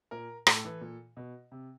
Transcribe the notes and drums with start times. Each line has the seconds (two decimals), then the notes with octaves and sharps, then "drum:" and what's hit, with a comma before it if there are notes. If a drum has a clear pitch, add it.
0.11 A#2 A#4
0.47 A2 A4, drum: rim click
0.65 E3
0.81 A#2
1.17 B2
1.52 C3